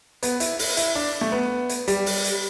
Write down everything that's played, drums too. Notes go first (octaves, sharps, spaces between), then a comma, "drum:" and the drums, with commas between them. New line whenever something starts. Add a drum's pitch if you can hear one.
B3, drum: hi-hat
E4, drum: hi-hat
E4, drum: open hi-hat
E4, drum: hi-hat
D4
A3
B3
drum: hi-hat
G3, drum: hi-hat
drum: open hi-hat
drum: hi-hat